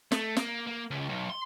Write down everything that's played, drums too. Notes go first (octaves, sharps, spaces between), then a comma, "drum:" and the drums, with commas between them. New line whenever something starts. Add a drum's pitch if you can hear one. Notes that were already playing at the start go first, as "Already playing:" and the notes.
A3, drum: snare
A#3, drum: snare
A#3
C#2
B1
C6